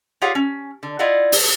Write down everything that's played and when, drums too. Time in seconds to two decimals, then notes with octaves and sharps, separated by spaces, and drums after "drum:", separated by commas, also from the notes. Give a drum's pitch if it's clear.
0.22 F4 G4 G#4 C#5 F5 F#5
0.35 C#4
0.83 D3
0.99 E4 F4 D5 D#5 F5 F#5
1.32 drum: open hi-hat